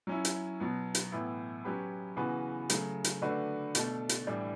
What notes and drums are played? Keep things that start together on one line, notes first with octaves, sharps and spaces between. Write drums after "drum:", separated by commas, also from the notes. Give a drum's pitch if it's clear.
F#3 C#4 E4
drum: hi-hat
B2 F#3 B3
drum: hi-hat
A2 E3 B3 E4
F#3 C#4 G4 B4
C#3 E3 B3 F#4 B4
C#3 F#3 A3, drum: hi-hat
drum: hi-hat
D3 A3 D4 F#4 B4
B2 A3 D4 A4, drum: hi-hat
drum: hi-hat
A2 E3 G3 D4